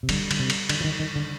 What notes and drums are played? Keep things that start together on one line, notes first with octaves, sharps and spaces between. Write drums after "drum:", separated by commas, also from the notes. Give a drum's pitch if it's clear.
C3
D3 G3, drum: cymbal
D3, drum: cymbal
C3
drum: cymbal
D3, drum: cymbal
F3
D#3
D#3
D3